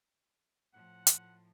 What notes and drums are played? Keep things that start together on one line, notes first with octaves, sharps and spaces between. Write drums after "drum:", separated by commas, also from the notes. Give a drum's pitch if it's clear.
A2 F3 F#5
drum: hi-hat